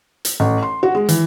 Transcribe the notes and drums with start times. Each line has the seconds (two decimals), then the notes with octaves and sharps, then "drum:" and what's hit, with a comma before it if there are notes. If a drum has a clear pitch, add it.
0.25 drum: hi-hat
0.40 A1
0.63 C6
0.83 F#4
0.95 G#3
1.09 E3, drum: hi-hat